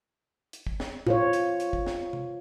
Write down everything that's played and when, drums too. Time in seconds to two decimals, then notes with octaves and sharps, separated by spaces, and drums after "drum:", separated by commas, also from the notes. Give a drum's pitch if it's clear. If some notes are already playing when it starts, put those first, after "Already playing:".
0.53 drum: hi-hat
0.67 drum: kick
0.80 drum: snare
1.07 F4 C5 C#5, drum: tom A2
1.33 drum: hi-hat
1.60 drum: hi-hat
1.73 drum: kick
1.86 drum: snare
2.13 drum: tom C3